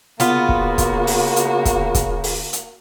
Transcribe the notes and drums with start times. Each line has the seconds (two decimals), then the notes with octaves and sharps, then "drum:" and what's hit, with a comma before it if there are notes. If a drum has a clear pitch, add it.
0.20 C#3 A#3 B3 F4 F#4, drum: hi-hat
0.49 drum: kick
0.78 drum: kick, hi-hat
1.07 drum: open hi-hat
1.36 drum: hi-hat
1.65 drum: kick, hi-hat
1.95 drum: kick, hi-hat
2.24 drum: open hi-hat
2.53 drum: hi-hat